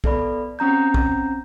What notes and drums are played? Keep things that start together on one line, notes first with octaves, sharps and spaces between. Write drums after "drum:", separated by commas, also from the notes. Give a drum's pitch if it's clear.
B3 A4 D5 B5, drum: kick
C4 C#4 A#5 G6
drum: kick